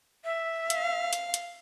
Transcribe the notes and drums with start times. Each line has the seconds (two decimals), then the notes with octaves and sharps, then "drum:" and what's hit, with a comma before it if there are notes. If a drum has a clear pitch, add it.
0.24 E5
0.70 F5, drum: hi-hat
1.13 drum: hi-hat
1.34 drum: hi-hat